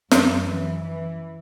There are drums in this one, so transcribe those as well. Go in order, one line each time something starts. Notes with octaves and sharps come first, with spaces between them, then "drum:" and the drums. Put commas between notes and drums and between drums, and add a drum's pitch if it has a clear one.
F#2 F#3, drum: snare
E3
E3